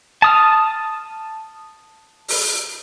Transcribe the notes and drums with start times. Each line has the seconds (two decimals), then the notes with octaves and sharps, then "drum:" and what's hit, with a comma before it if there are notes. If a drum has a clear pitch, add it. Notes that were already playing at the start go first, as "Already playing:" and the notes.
0.22 A5 D#6 F6
2.28 drum: open hi-hat